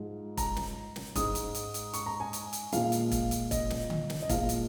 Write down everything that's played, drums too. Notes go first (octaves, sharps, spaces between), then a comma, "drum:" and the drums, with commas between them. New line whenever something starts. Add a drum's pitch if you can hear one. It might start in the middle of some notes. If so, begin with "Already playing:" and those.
Already playing: G#2 F3 G#3
A#5, drum: kick E1, hi-hat
drum: snare
drum: snare
G#2 G#3 D#6, drum: kick E1, hi-hat
drum: hi-hat
drum: hi-hat
drum: hi-hat
C#6, drum: hi-hat
A#5
G#5
drum: hi-hat
drum: hi-hat
A#2 F3 G#3 F5, drum: hi-hat
drum: hi-hat
drum: kick E1, hi-hat
drum: hi-hat
D#5, drum: kick E1, hi-hat
drum: snare
drum: tom D3
drum: snare
D#5
A#2 F3 G#3 F5, drum: kick E1, hi-hat
drum: hi-hat